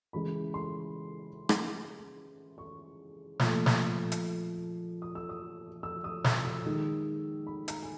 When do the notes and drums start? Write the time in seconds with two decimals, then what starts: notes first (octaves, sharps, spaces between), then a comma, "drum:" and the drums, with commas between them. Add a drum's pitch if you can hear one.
0.13 C#3 E3 G#3 B5
0.54 C6
1.49 drum: rim click
2.58 C#6
3.39 A#2 F3 A3, drum: snare
3.66 drum: snare
4.12 drum: hi-hat
5.02 D#6
5.15 E6
5.29 D#6
5.83 E6
6.04 D#6
6.24 E6, drum: snare
6.45 E6
6.66 D#3 G#3
7.47 B5
7.68 A#5, drum: hi-hat
7.82 G#5